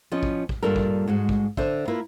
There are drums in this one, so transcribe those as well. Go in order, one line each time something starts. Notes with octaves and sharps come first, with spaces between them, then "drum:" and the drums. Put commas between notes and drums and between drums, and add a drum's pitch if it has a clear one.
F3 B3 C#4 D#5
drum: kick
drum: kick
G2 A#2 G3 D4 A4 A#4
drum: kick
G#2 G#3 F#4
drum: kick
D3 C5 D5 E5, drum: kick
A#3 E4 F4 A#4 B4